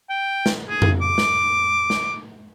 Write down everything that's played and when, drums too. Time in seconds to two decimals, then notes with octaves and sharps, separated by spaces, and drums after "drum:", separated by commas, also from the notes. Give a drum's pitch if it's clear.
0.10 G5
0.46 drum: snare
0.69 G#4
0.82 drum: tom F2
1.01 D6
1.18 drum: snare
1.90 drum: snare